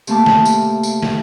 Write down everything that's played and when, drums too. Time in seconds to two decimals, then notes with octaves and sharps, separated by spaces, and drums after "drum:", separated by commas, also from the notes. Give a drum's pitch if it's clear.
0.07 C3 A3 A#3 A5 D6, drum: tambourine
0.26 drum: snare
0.45 drum: tambourine
0.83 drum: tambourine
1.02 drum: snare